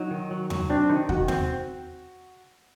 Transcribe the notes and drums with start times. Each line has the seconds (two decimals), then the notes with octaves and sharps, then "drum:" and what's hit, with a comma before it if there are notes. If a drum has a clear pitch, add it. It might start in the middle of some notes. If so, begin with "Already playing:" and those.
Already playing: F#3 D#4
0.11 D#3
0.31 F#3
0.50 F#3, drum: tom E2
0.69 C4 D4
0.89 D#3 D#4
1.09 D#3 F#4, drum: kick E2
1.28 C4, drum: tom E2